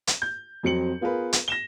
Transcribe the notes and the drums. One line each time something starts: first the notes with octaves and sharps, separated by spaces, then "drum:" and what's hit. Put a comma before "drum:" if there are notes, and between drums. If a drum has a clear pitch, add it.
drum: hi-hat
G6
F2 F#3 C4 C#7 F#7
B3 F4 G#4 A#4 B4
drum: hi-hat
A#6 E7 G7